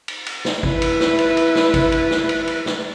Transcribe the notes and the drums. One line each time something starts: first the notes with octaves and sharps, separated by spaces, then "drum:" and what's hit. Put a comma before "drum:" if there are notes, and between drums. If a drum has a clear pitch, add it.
drum: cymbal
drum: cymbal
drum: snare
E4 B4, drum: kick G#1
drum: cymbal
drum: snare
drum: cymbal
drum: cymbal
drum: snare
drum: kick G#1, cymbal
drum: cymbal
drum: snare
drum: cymbal
drum: cymbal
drum: snare